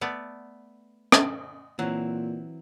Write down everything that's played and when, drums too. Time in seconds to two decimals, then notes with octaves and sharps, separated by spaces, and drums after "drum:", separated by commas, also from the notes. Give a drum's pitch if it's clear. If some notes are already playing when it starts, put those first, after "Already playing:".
0.01 A3 B3 D5
1.12 drum: rim click
1.79 A#2 E3 F#3 C4